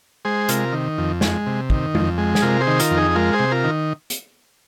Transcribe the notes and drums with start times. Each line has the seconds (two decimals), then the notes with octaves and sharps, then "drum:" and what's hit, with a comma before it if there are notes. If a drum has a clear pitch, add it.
0.25 G#3 G#4 C5
0.49 C3 F4 A#4, drum: hi-hat
0.73 D#3
0.98 F2
1.21 G#3, drum: snare
1.46 C3
1.70 D#3, drum: kick
1.95 F2, drum: tom G#3
2.18 G#3
2.35 G#4, drum: snare
2.42 C3 F4 A#4
2.61 G#4 C5
2.67 D#3
2.80 F4 A#4, drum: hi-hat
2.91 F2
2.97 D#4 G#4
3.15 G#3 F4 A#4
3.33 G#4 C5
3.39 C3
3.51 F4 A#4
3.64 D#3
4.10 drum: hi-hat